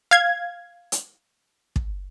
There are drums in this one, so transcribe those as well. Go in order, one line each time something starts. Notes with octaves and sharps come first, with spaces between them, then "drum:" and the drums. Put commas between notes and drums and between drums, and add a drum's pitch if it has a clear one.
F5 G#6
drum: hi-hat
drum: kick